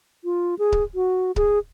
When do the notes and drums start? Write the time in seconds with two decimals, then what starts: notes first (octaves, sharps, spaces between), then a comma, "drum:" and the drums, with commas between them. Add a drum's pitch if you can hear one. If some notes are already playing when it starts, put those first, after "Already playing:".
0.24 F4
0.59 G#4
0.72 drum: kick C#1
0.95 F#4
1.36 G#4, drum: kick C#1